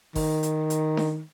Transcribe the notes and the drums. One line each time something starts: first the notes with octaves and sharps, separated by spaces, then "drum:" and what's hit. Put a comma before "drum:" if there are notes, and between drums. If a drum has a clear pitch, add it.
D#3, drum: kick G1, open hi-hat
drum: hi-hat
drum: hi-hat
drum: snare D4